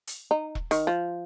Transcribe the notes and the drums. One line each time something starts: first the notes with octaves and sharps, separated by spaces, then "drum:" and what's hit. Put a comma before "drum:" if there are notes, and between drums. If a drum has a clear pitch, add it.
drum: hi-hat
D#4
drum: kick E1
D#3, drum: hi-hat
F3